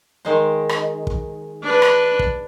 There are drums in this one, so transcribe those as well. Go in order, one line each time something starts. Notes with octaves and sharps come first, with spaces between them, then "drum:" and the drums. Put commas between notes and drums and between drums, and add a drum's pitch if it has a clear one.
D#3 G#3 C5
drum: rim click
drum: kick
D4 B4
drum: rim click
drum: kick